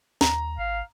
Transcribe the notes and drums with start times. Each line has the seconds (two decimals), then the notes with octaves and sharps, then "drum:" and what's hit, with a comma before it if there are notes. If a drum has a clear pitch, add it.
0.21 D#2 A#5, drum: snare
0.59 G#1 F5